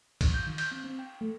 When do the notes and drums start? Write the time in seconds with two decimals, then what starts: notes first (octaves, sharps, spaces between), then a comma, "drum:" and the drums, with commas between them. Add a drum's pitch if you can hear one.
0.21 F#2, drum: kick, cymbal
0.34 G6
0.47 D#3
0.58 G6, drum: cymbal
0.71 C4
0.84 C4
0.99 G5
1.21 A3